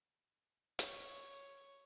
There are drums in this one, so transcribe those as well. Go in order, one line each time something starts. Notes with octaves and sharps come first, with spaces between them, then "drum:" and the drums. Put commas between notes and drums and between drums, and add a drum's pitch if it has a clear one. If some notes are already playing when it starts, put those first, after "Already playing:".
C#5, drum: hi-hat